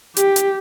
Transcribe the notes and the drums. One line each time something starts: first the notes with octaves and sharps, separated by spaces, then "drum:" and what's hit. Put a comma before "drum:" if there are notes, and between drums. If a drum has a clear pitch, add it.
G4, drum: hi-hat
drum: hi-hat